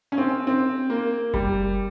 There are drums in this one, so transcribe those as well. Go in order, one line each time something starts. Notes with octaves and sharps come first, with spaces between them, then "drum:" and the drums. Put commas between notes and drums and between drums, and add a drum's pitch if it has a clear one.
C#4
C4
C4
A#3
G3, drum: kick F#1